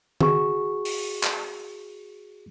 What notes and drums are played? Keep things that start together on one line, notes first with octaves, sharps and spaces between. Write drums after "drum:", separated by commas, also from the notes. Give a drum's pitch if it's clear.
F#4 G#4 C#6, drum: tom D#3
drum: open hi-hat
drum: clap